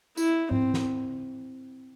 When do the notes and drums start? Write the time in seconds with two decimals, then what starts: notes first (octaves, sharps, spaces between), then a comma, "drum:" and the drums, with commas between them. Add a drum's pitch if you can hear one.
0.17 E4, drum: tambourine
0.51 C4, drum: tom G#2
0.74 drum: snare